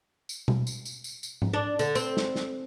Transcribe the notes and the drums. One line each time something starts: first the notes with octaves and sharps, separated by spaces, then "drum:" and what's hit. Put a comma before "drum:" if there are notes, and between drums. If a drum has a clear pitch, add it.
drum: tambourine
drum: tom B2
drum: tambourine
drum: tambourine
drum: tambourine
drum: tambourine
drum: tom G#2
D4
D3, drum: tambourine
C4, drum: tambourine
drum: snare
drum: snare